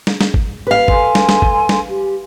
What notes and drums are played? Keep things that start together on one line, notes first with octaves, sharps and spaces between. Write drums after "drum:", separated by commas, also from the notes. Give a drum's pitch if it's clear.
drum: snare
drum: snare
drum: kick
B4 F5
A4 G#5 C6, drum: kick
drum: snare
drum: snare
drum: kick
drum: snare
G4